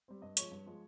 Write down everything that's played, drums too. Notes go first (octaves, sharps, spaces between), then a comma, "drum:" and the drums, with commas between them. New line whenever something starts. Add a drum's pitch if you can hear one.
G3 C4
G2 D#5 D#6
F3 G#3 C#5 C#6, drum: hi-hat
G2
F3 G#3